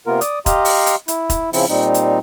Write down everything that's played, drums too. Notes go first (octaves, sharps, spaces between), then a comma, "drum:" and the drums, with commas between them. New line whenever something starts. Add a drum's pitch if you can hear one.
C3 A#3 B3 F4 A#4
D5 D#6, drum: hi-hat
G4 D#5 F5 A#5 C6, drum: kick E1, hi-hat
drum: open hi-hat
drum: hi-hat
E4, drum: hi-hat
drum: kick E1, hi-hat
C#3 F3 C4 E4, drum: open hi-hat
A#2 G3 C4 D#4
drum: hi-hat